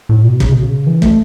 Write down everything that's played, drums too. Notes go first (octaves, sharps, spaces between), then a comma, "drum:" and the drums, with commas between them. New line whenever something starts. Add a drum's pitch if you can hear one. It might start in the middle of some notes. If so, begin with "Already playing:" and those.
A2
B2
C#3, drum: kick
B2
C#3
E3
A3, drum: kick